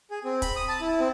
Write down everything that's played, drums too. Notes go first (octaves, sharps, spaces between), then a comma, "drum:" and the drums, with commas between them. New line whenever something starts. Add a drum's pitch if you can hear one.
G#4
C4
B5, drum: kick, hi-hat
D#6
A5
E4
C4